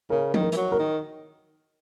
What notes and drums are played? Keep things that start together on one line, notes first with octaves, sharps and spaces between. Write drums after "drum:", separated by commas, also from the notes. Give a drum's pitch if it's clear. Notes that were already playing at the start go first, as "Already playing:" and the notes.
C#3 A#4
D#3, drum: tom F3
A#4
E3, drum: hi-hat
F#3
A#4
D#3